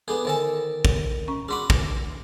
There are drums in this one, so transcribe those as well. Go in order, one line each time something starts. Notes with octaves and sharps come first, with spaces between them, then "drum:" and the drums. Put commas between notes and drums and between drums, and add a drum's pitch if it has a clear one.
B3 D4 G#4 A4
D3 D#3 A4 C5 G#5 A5
drum: kick
C#4 C#6
D4 F#4 G#4 B5 C6 D6
drum: kick